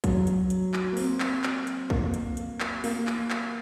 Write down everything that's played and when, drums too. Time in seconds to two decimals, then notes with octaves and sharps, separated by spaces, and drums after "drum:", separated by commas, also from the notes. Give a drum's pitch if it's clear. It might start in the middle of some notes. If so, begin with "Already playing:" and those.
0.04 F#3, drum: kick, hi-hat
0.27 drum: hi-hat
0.50 drum: hi-hat
0.74 drum: clap
0.92 A#3
0.97 C4, drum: open hi-hat
1.20 drum: clap
1.44 drum: clap
1.67 drum: hi-hat
1.90 A#3, drum: kick
2.14 drum: hi-hat
2.37 drum: hi-hat
2.60 drum: clap
2.84 A#3, drum: open hi-hat
3.07 drum: clap
3.30 drum: clap